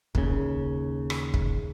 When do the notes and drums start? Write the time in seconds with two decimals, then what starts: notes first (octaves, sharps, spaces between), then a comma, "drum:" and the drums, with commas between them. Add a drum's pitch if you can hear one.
0.15 D#2 C#3, drum: kick
1.10 drum: rim click
1.34 drum: kick